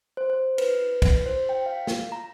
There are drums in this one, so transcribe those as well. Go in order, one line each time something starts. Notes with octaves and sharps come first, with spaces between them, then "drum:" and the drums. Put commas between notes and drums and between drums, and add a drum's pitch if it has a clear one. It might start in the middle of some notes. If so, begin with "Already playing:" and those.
C5
C5
B4, drum: cymbal
drum: kick, cymbal
C5
G5
F5
drum: snare
A#5